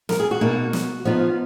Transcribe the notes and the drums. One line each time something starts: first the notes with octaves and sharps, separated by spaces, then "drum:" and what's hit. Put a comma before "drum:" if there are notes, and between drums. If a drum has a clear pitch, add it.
A#4, drum: snare
G#4
F#4
B2 A#3 D#4
drum: snare
F3 B3 D#4 F4